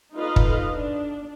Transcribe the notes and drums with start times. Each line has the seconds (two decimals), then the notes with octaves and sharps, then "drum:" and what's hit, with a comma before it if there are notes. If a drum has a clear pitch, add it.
0.14 D#4 F4 A4 B4 D#5 F5
0.36 drum: kick
0.73 D4